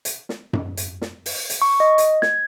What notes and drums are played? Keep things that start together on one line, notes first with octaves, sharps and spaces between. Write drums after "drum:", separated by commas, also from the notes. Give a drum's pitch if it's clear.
drum: hi-hat
drum: snare
drum: tom F#2
drum: hi-hat
drum: snare
drum: open hi-hat
drum: hi-hat
C#6
D#5
drum: hi-hat
G#6, drum: snare